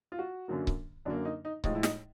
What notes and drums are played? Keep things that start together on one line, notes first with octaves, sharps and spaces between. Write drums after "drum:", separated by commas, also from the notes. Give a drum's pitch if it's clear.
F4
F#4
F#2 D3 F#3 A#3
drum: kick C#1
F#2 D3 F#3 A#3 D4
D#4
D#4
A2 F3 G#3 D#4, drum: kick C#1
E4
D#4, drum: snare